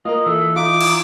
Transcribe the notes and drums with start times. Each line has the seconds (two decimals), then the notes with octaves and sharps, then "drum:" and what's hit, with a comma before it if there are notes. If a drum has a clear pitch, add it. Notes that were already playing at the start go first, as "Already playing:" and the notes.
0.05 A#3 F4 A#4 D#5
0.26 E3 A4
0.56 D#4 F4 D6
0.81 drum: cymbal